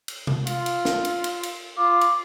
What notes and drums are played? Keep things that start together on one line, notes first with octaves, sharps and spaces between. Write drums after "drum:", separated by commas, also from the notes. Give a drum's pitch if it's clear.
drum: cymbal
drum: tom
F4, drum: cymbal
drum: cymbal
drum: snare
drum: cymbal
drum: cymbal
drum: cymbal
F4 D6
drum: cymbal